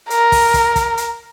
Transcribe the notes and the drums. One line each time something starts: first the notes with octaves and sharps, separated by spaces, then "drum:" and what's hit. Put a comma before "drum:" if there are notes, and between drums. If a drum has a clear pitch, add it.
A#4, drum: hi-hat
drum: kick, open hi-hat
drum: kick, hi-hat
drum: kick, hi-hat
drum: hi-hat